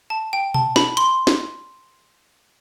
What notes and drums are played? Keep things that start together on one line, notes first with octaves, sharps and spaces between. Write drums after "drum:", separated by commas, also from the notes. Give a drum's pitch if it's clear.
A5
G5
A5, drum: tom B2
B5, drum: snare
C6, drum: hi-hat
drum: snare